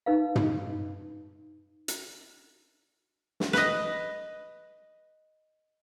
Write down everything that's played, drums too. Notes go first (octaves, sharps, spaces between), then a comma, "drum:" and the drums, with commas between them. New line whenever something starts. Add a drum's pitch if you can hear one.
D#4 B4 F5
drum: tom
drum: hi-hat
drum: snare
B4 D#5, drum: snare